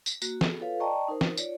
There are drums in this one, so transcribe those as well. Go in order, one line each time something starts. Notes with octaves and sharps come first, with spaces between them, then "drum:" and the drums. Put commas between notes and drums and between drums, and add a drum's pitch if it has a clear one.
drum: tambourine
A#3 F#4, drum: tambourine
B3 F#4 G#4 A4, drum: snare
F4 A4 B4 C#5 F5
D5 D#5 G5 A5 A#5 C#6
D#4 A#4 C5
drum: snare
F4 C#5 D5, drum: tambourine